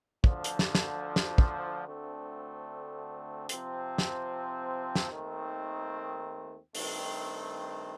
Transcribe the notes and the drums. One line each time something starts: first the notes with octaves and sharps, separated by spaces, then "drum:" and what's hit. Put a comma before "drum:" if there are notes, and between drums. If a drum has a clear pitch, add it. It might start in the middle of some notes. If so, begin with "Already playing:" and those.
D2 D3 F3, drum: kick
drum: hi-hat
drum: snare
drum: snare
drum: snare
drum: kick
D2 D3 A3 C4
C3 F3 C4, drum: hi-hat
drum: snare
drum: snare
D#2 D#3 A3 C4
G2 D#3 A3 C4, drum: open hi-hat